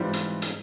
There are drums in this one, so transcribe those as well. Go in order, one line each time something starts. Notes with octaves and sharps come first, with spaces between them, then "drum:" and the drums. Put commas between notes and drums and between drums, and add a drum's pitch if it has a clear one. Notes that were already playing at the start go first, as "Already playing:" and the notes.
Already playing: G#2 E3 G3 C4 F4
drum: hi-hat
drum: hi-hat